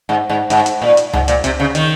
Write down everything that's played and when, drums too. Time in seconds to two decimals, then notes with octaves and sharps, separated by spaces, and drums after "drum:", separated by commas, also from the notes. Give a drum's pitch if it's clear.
0.09 G#2
0.30 G#2
0.50 G#2, drum: hi-hat
0.66 drum: hi-hat
0.82 A#2
0.97 drum: hi-hat
1.13 G#2, drum: tom C#2
1.28 A#2, drum: hi-hat
1.44 C3, drum: hi-hat
1.60 C#3
1.75 D#3, drum: hi-hat